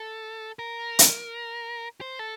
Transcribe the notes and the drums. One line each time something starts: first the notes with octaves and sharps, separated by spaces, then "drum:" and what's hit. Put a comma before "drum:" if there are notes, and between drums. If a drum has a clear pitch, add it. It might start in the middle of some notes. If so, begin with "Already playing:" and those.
Already playing: A4
A#4
drum: hi-hat
C5
A4